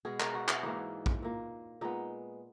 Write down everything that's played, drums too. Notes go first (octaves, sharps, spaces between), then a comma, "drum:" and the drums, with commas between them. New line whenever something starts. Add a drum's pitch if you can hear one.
B2 G#3 B3 G#4
A#4, drum: clap
F#4
E4, drum: clap
G#2 E3 A#3 D#4
drum: kick A#1
A#2 A#3
A#2 G#3 B3 D#4